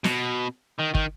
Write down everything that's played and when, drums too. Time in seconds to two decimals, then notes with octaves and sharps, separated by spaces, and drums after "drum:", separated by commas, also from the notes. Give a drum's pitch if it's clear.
0.04 B2, drum: snare
0.79 D#3
0.95 D#3, drum: kick